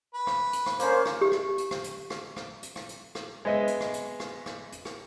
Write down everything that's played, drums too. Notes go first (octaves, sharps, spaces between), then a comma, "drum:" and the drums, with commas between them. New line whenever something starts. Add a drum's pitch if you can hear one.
B4
drum: rim click
drum: hi-hat
drum: rim click
A#3 C#4 C5, drum: hi-hat
drum: rim click
G4
drum: rim click
drum: hi-hat
drum: rim click
drum: hi-hat
drum: rim click
drum: rim click
drum: hi-hat
drum: rim click
drum: hi-hat
drum: rim click
G#3 B3 D#5 E5
drum: hi-hat
drum: rim click
drum: hi-hat
drum: rim click
drum: rim click
drum: hi-hat
drum: rim click